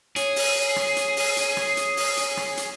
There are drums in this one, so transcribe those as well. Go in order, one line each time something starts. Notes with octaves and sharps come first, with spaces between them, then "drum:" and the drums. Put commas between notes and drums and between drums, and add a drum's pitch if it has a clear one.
G#4 C#5, drum: hi-hat
drum: open hi-hat
drum: rim click
drum: hi-hat
drum: open hi-hat
drum: hi-hat
drum: rim click
drum: hi-hat
drum: open hi-hat
drum: hi-hat
drum: rim click
drum: hi-hat